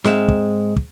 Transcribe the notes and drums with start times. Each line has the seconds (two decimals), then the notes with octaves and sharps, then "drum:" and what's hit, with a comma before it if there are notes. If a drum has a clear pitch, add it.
0.04 G#2 G#3 C4 E5 F5, drum: snare
0.28 drum: kick
0.76 drum: kick